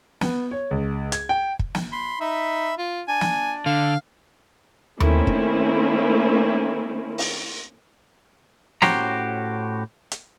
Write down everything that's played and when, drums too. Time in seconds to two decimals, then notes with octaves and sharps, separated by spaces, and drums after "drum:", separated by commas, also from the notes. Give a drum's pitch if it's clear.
0.21 B3, drum: snare
0.51 C#5
0.71 C#2
1.12 G#6, drum: hi-hat
1.29 G5
1.59 drum: kick
1.75 drum: snare
1.92 B5 C6
2.21 D#4 E5 B5
2.78 F4
3.08 D4 G#5
3.21 drum: snare
3.66 D3 F5
5.00 D#3 A3 A#3 C4 C#4 E4, drum: tom D#2
5.27 drum: kick
7.18 drum: open hi-hat
8.82 A2 C#4 F#4 G4 C5 A#5, drum: snare
10.12 drum: hi-hat